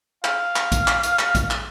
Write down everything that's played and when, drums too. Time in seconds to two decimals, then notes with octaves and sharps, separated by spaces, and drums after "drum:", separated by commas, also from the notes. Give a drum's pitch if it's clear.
0.24 F5, drum: clap
0.56 drum: clap
0.72 drum: kick A#1, hi-hat
0.87 drum: clap
1.03 drum: hi-hat
1.19 drum: clap
1.35 drum: kick A#1, hi-hat
1.50 drum: clap